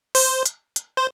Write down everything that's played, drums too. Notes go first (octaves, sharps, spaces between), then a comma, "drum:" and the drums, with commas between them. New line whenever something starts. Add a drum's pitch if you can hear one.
C5, drum: open hi-hat
drum: hi-hat
drum: hi-hat
C5